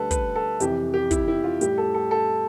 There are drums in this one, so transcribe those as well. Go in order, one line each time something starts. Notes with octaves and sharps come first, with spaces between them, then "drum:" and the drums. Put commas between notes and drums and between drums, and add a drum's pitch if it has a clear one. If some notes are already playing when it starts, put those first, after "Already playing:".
Already playing: D2 D3 G3 A4 B4
B4, drum: kick, hi-hat
A4
F2 C3 E3 G4, drum: hi-hat
G4
E4, drum: kick, hi-hat
E4
F4
A2 G3 G4, drum: hi-hat
A4
A4
A4